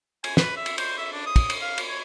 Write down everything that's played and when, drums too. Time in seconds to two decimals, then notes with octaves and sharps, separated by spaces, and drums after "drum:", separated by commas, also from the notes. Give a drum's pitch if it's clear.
0.24 G#5, drum: cymbal
0.37 B4, drum: snare
0.57 E5
0.66 drum: cymbal
0.78 C5, drum: cymbal
0.98 E5
1.13 D4
1.26 D#6
1.36 drum: kick, cymbal
1.50 drum: cymbal
1.62 F5
1.78 drum: cymbal
1.89 C#5